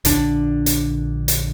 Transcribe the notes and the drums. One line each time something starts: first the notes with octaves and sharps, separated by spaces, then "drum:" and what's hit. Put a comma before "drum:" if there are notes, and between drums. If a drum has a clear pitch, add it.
A#1 D3 D4, drum: hi-hat
drum: hi-hat
drum: hi-hat